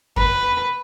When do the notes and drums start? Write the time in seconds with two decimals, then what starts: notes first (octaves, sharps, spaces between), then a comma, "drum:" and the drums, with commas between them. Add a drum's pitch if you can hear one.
0.16 B4, drum: kick F2